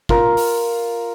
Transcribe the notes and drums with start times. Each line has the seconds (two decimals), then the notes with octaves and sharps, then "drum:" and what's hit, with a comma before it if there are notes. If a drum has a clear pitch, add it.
0.09 F4 A#4, drum: kick
0.37 drum: open hi-hat